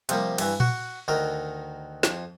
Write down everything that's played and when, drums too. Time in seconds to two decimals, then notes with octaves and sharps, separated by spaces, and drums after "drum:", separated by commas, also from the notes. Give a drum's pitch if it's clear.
0.09 C3 F3 G3 A#3, drum: hi-hat
0.38 G2 E3, drum: cymbal
0.60 F#4, drum: tom A#2
1.08 D2 D#3 A#4
2.03 F2, drum: snare